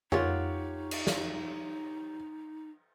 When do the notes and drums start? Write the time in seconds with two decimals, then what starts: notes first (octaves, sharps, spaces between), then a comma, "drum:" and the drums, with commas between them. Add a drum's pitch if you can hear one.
0.12 F3 D#4 F4 G4 G#4 A#4 C#5 F#5, drum: tom F2
0.91 drum: cymbal
1.07 drum: snare